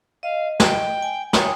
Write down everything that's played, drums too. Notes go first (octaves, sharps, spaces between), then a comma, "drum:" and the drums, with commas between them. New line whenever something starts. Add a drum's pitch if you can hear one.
D#5 F5
G5, drum: snare
G#5
C#5 G5 G#5 D#6, drum: snare